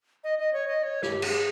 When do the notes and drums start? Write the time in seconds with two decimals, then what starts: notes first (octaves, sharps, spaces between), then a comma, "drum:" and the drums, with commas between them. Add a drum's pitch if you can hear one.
0.24 D#5
0.39 D#5
0.53 C#5
0.68 D#5
0.83 C#5
1.03 G4, drum: snare
1.22 G#4, drum: cymbal